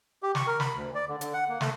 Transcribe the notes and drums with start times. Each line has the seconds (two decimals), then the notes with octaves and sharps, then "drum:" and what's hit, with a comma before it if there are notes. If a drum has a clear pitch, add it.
0.23 G4
0.35 C#6, drum: snare
0.47 A#4
0.60 B5, drum: snare
0.75 D2
0.95 D5
1.09 D3
1.21 D3, drum: hi-hat
1.34 F#5
1.49 A#3
1.61 A3, drum: snare